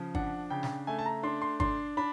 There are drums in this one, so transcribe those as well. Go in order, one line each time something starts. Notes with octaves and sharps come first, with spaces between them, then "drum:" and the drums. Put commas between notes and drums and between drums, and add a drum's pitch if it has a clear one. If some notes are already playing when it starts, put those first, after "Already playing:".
Already playing: C#3 F3
D4 F#5, drum: kick
C#3 G5
drum: snare
A3 G#5
A5
A#5
D4 C6
C6
D4 C6, drum: kick
D4 B5